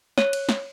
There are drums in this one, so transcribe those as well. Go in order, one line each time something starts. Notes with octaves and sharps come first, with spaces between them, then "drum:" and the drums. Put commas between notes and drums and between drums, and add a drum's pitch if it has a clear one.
C#5, drum: snare
drum: cymbal
drum: snare